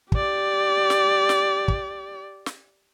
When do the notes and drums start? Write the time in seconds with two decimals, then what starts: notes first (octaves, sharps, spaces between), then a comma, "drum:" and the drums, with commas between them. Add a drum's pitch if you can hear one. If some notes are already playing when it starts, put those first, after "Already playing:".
0.12 G4 D5, drum: kick
0.90 drum: snare
1.29 drum: snare
1.68 drum: kick
2.46 drum: snare